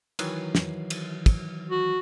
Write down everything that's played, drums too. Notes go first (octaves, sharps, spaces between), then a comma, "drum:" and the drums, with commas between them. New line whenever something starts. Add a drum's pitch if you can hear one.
D#3 E3 F#3, drum: cymbal
drum: snare
drum: cymbal
drum: kick, cymbal
F#4